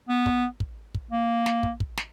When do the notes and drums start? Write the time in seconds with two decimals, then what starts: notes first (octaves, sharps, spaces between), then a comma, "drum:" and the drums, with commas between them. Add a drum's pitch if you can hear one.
0.09 B3
0.26 drum: kick
0.60 drum: kick
0.95 drum: kick
1.11 A#3
1.46 drum: snare
1.63 drum: kick
1.80 drum: kick
1.97 drum: snare